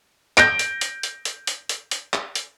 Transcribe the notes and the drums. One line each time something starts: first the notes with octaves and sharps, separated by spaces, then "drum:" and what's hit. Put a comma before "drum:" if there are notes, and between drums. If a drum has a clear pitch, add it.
G6 A#6 D7, drum: clap
drum: hi-hat
drum: hi-hat
drum: hi-hat
drum: hi-hat
drum: hi-hat
drum: hi-hat
drum: hi-hat
drum: clap
drum: hi-hat